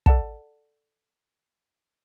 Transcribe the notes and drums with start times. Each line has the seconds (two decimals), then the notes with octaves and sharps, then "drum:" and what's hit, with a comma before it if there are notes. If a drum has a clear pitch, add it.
0.06 A4 D5 F#5 A5, drum: kick